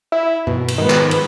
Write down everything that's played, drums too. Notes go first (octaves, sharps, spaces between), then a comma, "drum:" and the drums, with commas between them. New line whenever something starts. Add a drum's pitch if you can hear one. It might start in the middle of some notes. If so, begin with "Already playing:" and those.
E4
B2, drum: tom G2
drum: cymbal
G#2 D#3 F3 B3
drum: clap
drum: cymbal